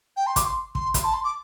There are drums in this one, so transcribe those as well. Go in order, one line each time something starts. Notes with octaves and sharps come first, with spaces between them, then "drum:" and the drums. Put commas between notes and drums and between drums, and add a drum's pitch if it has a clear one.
G5
C6
D6, drum: kick, hi-hat
C6
C6, drum: kick
C6, drum: kick, hi-hat
A5
C6
D6